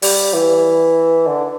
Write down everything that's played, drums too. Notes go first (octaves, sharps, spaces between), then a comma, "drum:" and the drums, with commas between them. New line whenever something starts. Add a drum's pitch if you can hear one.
G3, drum: open hi-hat
E3
D3